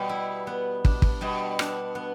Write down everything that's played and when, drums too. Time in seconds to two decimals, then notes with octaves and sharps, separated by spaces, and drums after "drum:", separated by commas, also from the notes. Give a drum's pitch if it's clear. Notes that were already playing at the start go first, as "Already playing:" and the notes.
Already playing: B2 G3
0.09 E4
0.47 B3
0.85 D4, drum: kick
1.02 drum: kick
1.21 B2 G3
1.59 D4, drum: rim click
1.95 B3